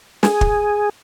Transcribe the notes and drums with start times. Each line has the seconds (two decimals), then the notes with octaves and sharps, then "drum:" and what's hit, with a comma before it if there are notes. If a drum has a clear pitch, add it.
0.23 G#4, drum: snare
0.41 drum: kick